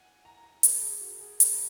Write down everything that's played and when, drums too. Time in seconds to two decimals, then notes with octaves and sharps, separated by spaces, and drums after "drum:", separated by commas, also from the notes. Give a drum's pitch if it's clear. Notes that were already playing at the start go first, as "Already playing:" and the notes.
Already playing: F#5 G#5
0.25 A#5
0.44 A#5
0.63 A#4, drum: hi-hat
0.82 G#4
1.01 F#4
1.20 G#4
1.40 A#4, drum: hi-hat